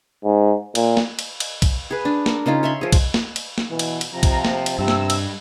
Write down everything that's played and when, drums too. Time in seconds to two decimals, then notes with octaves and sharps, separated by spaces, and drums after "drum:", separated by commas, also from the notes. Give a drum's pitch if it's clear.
0.25 G#2
0.75 A#2, drum: cymbal
0.97 drum: snare
1.19 drum: cymbal
1.40 drum: cymbal
1.62 drum: kick B1, cymbal
1.91 G#4 B4
2.05 D4
2.26 A#4, drum: snare
2.46 C#3 C#4 D#4 F4
2.63 C#5 E5 B5 C6
2.81 F3 G#4
2.92 drum: kick B1, cymbal
3.14 drum: snare
3.36 drum: cymbal
3.58 drum: snare
3.70 B2 E3
3.79 drum: cymbal
4.01 drum: cymbal
4.13 C3 F3 A#5
4.23 drum: kick B1, cymbal
4.45 drum: snare
4.66 drum: cymbal
4.79 G2 C3 E6
4.88 drum: snare
5.10 drum: cymbal